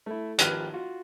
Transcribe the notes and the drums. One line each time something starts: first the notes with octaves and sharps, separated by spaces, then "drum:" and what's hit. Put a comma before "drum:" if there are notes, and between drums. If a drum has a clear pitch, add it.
A3 E4
G#1 F3 G4 B4 F6 F#6, drum: hi-hat
F4 F#4